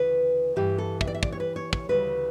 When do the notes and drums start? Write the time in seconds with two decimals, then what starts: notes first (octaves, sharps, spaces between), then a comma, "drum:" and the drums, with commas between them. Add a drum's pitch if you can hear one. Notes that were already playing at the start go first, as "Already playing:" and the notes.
Already playing: D2 C#3 E3 B4
0.56 G2 E3 G3 G4
0.78 A4
1.01 E5, drum: kick
1.07 D5
1.15 E5
1.23 D5, drum: kick
1.32 C#5
1.40 B4
1.56 C#5
1.73 C#5, drum: kick
1.89 D2 C#3 E3 G3 B4